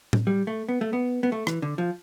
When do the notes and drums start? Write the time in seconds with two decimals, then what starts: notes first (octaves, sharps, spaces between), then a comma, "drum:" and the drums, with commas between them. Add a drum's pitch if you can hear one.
0.13 drum: tom A2
0.27 G3
0.47 A3
0.69 B3
0.81 A3
0.93 B3
1.23 B3
1.32 A3
1.47 E3, drum: rim click
1.62 D3
1.78 F3